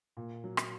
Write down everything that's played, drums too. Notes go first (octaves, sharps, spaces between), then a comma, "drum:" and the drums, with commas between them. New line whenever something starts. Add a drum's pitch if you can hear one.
A#2
F#3
drum: rim click